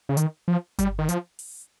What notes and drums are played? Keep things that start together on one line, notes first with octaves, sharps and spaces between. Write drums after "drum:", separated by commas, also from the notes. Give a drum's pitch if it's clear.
C#3
D#3, drum: hi-hat
F3
G3, drum: kick G1, hi-hat
D#3
F3, drum: hi-hat
drum: open hi-hat